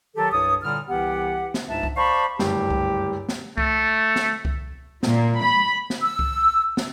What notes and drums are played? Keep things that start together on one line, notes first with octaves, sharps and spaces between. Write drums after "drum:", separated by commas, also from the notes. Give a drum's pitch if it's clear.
D#3 F#3 G4 A4
C2 G2 C#5 D#6
A#2 D3 G3 F6
C2 E3 B3 G4 F#5
drum: snare
C#2 G#2 D4 E5 A5
drum: kick C2
C5 D5 F5 A5 B5 C#6
F#1 D2 G2 G4, drum: snare
drum: kick C2
drum: snare
A3, drum: kick C2
drum: snare
drum: kick C2
A#2, drum: snare
B5
drum: snare
E6
drum: kick C2
drum: snare